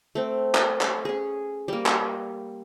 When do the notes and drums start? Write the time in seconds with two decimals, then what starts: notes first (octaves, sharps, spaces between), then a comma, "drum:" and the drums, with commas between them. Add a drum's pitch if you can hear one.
0.15 A3 C4
0.55 drum: clap
0.81 drum: clap
1.05 C#4 G#4
1.68 G3 A#3
1.86 drum: clap